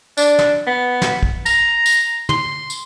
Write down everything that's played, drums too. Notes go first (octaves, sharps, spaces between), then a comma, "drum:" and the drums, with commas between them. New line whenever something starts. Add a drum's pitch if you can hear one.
D4, drum: tambourine
drum: snare
B3
drum: snare
drum: kick
A#5, drum: tambourine
drum: tambourine
C6, drum: tom
drum: tambourine